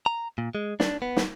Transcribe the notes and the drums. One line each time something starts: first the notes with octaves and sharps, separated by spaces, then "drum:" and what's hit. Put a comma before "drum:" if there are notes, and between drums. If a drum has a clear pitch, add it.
A#5
A#2
G#3
D4, drum: snare
B3
drum: snare